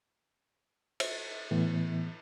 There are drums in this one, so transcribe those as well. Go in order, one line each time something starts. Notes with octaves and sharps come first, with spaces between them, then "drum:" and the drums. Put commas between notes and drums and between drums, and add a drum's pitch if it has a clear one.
drum: cymbal
A2 E3 B3